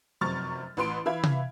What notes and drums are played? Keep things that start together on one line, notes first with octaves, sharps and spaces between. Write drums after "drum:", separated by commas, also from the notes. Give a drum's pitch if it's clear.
F1 F#2 C3 C#6 F6 A6
A1 B4 C6 D7
E3 E5 F5 B5 G#6
drum: tom C3